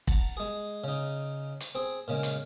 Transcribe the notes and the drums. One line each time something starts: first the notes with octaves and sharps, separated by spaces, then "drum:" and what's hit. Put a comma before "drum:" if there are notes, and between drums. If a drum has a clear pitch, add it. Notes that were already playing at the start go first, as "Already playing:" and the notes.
F#5 A5 A#5, drum: kick
G#3 G#4
C#3 D#4
drum: hi-hat
C4 G#4
A#2 C#3 G#3
drum: hi-hat